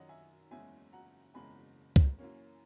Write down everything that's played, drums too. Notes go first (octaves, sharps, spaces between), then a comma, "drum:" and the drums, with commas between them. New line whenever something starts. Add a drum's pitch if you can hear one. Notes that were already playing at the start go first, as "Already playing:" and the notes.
Already playing: F#2 D#3 F#3 C#4 C#5 D#5 F#5
E5 G#5
F#1 E2 C#3 G#3 E5 G#5
F#5 A#5
F#1 E2 C#3 G#3 G#5 B5
drum: kick
F#2 E3 A#3 C#4